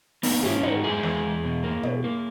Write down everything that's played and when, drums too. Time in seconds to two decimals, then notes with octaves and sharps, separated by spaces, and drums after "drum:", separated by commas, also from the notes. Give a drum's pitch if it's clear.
0.23 A#3 B3 D#4, drum: open hi-hat
0.43 G#2 C#4 E4, drum: tom
0.63 G#2 D#4 F#4, drum: tom
0.83 G#3 E4 G#4
1.03 E2, drum: snare
1.24 E2
1.44 B2
1.64 A#3
1.83 B2, drum: tom
2.04 A#3